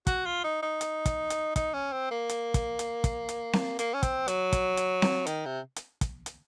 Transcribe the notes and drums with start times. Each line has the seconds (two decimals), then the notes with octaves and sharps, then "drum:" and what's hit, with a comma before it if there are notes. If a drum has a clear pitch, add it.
0.07 F#4, drum: kick, hi-hat
0.26 F4
0.44 D#4
0.62 D#4
0.81 drum: hi-hat
1.06 drum: kick, hi-hat
1.30 drum: hi-hat
1.56 D#4, drum: kick, hi-hat
1.74 C#4
1.92 C4
2.11 A#3
2.29 drum: hi-hat
2.54 drum: kick, hi-hat
2.79 drum: hi-hat
3.04 drum: kick, hi-hat
3.29 drum: hi-hat
3.53 drum: snare C4
3.79 A#3, drum: hi-hat
3.94 C#4
4.03 C4, drum: kick, hi-hat
4.28 F#3, drum: hi-hat
4.53 drum: kick, hi-hat
4.77 drum: hi-hat
5.02 drum: snare C4
5.27 D#3, drum: hi-hat
5.45 C3
5.76 drum: hi-hat
6.01 drum: kick, hi-hat
6.26 drum: hi-hat